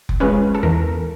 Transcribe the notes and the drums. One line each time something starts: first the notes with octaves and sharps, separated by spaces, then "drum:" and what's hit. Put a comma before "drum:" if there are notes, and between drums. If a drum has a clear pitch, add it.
drum: kick F1
F3 G#3 C#4 B4
A4
E2 A#4